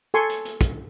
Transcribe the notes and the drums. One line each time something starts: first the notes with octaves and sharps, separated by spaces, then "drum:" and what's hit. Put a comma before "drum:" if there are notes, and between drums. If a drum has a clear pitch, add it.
A4 G#5 C6 C#6
drum: hi-hat
drum: hi-hat
drum: kick, hi-hat